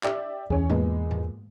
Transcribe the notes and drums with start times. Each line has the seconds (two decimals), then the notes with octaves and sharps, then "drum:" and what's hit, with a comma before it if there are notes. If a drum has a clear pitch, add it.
0.03 G4 D5 E5, drum: clap
0.50 E2 C#4 G#4, drum: kick C#2
0.70 A#2 G#3 B3, drum: tom G#2
1.11 drum: tom G#2